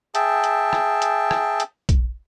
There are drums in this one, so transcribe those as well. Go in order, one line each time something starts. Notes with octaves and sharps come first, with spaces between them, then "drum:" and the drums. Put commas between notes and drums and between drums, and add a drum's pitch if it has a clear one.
G#4 E5 G5 A5, drum: hi-hat
drum: hi-hat
drum: rim click
drum: hi-hat
drum: rim click
drum: hi-hat
drum: kick A#1, hi-hat